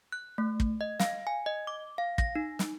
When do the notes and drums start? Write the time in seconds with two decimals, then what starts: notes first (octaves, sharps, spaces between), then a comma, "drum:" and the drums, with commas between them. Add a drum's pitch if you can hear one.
0.12 F#6
0.38 A3
0.60 drum: kick
0.81 D#5
1.00 F5, drum: snare
1.27 G#5
1.46 D#5
1.67 D6
1.98 F5
2.18 A#6, drum: kick
2.35 D#4
2.59 drum: snare